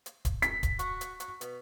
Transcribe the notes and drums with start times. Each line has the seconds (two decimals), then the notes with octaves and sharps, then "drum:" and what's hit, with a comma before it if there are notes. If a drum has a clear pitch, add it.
0.06 drum: hi-hat
0.25 drum: kick, hi-hat
0.42 B6, drum: hi-hat
0.63 drum: kick, hi-hat
0.79 F#4, drum: hi-hat
1.01 drum: hi-hat
1.20 F#4, drum: hi-hat
1.41 B2, drum: hi-hat